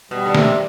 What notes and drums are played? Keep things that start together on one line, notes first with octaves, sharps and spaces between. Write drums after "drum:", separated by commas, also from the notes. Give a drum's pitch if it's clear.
B2 G3
D3
C3, drum: snare